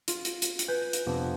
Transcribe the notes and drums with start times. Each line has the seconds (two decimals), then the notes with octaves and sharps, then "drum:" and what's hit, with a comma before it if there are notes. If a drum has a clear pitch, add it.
0.08 F4, drum: hi-hat
0.25 drum: hi-hat
0.42 drum: hi-hat
0.59 drum: hi-hat
0.68 B4 G#5 G6
0.93 drum: hi-hat
1.07 F2 C3 B3 D4